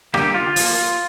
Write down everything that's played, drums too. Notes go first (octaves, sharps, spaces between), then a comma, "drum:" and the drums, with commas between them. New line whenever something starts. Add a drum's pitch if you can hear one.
D3 G3 A#3 G4, drum: rim click
F4
F3 A#3, drum: open hi-hat